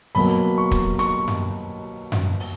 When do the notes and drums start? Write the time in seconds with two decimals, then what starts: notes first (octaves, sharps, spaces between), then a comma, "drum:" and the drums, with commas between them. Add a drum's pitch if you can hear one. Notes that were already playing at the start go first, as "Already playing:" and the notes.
0.15 B2 F#3 A#3 B5, drum: open hi-hat
0.58 C#6
0.71 drum: kick, hi-hat
0.99 C#6, drum: hi-hat
1.28 drum: tom F#2
2.12 drum: tom F#2
2.40 drum: open hi-hat